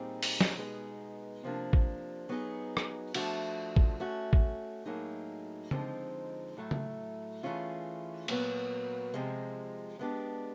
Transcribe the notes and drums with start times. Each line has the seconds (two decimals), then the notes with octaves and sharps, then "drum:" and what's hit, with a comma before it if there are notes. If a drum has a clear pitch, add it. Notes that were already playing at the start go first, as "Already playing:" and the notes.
Already playing: A#2 G3 C4 D#4 G#4
0.23 drum: open hi-hat
0.41 drum: snare
0.58 B2 G#3 B3 D#4 G#4
1.43 C3 F3 A#3 D4
1.73 drum: kick
2.29 F#3 B3 D#4 G#4
2.77 drum: rim click
3.14 F3 A3 D4 F#4, drum: cymbal
3.76 drum: kick
4.00 A3 C#4 F#4
4.33 drum: kick
4.86 A2 F#3 A#3 D#4 G#4
5.71 D3 F3 G#3 C4 D#4, drum: tom C#3
6.57 A2 F#3 A3
6.71 drum: tom C#3
7.43 E3 A3 C#4 F4 G#4
8.28 A#2 F#3 B3, drum: cymbal
9.14 C3 F3 G#3
9.99 G#3 B3 D4 G4